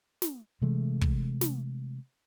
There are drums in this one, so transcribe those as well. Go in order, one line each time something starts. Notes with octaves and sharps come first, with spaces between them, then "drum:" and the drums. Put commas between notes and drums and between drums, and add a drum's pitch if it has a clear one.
drum: snare
C3 E3 G#3 A3
drum: kick
drum: snare